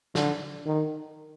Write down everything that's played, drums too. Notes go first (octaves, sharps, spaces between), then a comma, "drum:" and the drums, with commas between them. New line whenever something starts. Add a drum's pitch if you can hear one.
D3, drum: snare
D#3